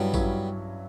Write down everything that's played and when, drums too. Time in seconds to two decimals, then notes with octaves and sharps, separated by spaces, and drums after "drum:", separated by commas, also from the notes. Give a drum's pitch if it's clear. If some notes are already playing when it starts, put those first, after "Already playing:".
Already playing: G2 F#3 G3 B3 C#4 E4
0.14 G2 F#3 C#4 E4, drum: kick A1, tambourine